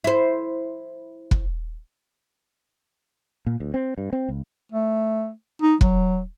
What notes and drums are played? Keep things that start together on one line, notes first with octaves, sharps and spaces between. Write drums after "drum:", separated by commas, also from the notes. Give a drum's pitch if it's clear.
E4 C5
drum: kick
A#2
D2
C4
G2
C4
C#2
A3
D#4
F#3, drum: kick